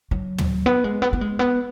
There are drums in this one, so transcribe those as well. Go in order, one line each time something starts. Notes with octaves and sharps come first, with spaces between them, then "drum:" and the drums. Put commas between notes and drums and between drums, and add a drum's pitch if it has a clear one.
F#3
drum: tom
B3
G#3
B3
B3
G#3
B3